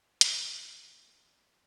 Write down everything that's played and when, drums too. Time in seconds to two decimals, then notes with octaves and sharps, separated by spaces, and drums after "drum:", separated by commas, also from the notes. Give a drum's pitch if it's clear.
0.06 B6
0.21 A#1 F3 G#5, drum: hi-hat
0.44 A3 A#3 D5 G#5 A#5
0.70 D#2 E3 F#3 A#3 B3 D5
1.05 D#3 A3 G#4 A#4 C#6